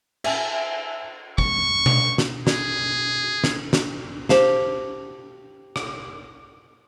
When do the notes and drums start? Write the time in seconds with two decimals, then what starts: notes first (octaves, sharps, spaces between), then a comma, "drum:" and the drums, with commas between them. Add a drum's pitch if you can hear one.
0.24 E5 G#5 A5, drum: cymbal
1.38 C#6, drum: kick
1.86 drum: tom B2
2.18 drum: snare
2.47 G#4, drum: snare
3.44 drum: snare
3.73 drum: snare
4.29 G4 C5 F5 A5, drum: snare
5.76 drum: rim click